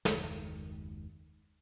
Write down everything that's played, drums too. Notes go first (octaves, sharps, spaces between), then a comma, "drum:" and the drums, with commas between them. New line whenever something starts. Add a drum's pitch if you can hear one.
F#1 D#2 D#3 G#3, drum: snare